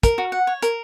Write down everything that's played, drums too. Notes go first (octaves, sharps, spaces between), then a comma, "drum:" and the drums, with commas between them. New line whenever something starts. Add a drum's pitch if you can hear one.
A#4, drum: kick, hi-hat
F#4
F#5
C#5
A#4, drum: hi-hat